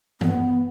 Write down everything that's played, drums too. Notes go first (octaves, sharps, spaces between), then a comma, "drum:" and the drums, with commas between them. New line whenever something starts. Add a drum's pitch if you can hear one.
B3, drum: tom